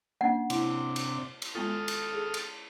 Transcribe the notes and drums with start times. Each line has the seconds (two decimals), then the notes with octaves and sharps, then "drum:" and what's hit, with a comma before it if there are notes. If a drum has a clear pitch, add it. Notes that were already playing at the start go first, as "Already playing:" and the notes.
0.21 A#3 C#4 D4 F#5
0.50 C3 D4 E4, drum: cymbal
0.96 drum: cymbal
1.42 drum: cymbal
1.55 G#3 B3 F4 A4 D#6 F6
1.88 drum: cymbal
2.14 G#4
2.34 drum: cymbal